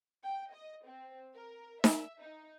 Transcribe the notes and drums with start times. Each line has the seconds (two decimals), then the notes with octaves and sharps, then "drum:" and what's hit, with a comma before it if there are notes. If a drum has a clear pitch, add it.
0.23 G5
0.52 D#5
0.86 C4
1.35 A#4
1.84 E5, drum: snare D#4
2.20 D#4